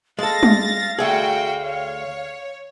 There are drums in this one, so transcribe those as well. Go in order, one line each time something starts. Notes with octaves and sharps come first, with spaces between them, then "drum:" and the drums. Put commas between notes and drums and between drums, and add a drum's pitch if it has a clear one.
G#3 A4 F5 A6 A#6
drum: tom G3
D2 A3 F#4 G#4 G5
C#5